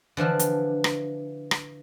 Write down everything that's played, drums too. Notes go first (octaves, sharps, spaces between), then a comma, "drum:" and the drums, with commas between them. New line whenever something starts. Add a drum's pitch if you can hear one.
D3 E3 F3 D4
drum: hi-hat
drum: rim click
drum: rim click